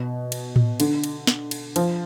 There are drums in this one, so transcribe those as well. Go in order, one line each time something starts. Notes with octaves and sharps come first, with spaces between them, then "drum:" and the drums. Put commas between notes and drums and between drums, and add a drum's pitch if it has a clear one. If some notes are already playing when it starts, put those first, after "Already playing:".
Already playing: B2
drum: cymbal
drum: tom A2
D3, drum: cymbal
drum: cymbal
drum: snare
drum: cymbal
F3, drum: cymbal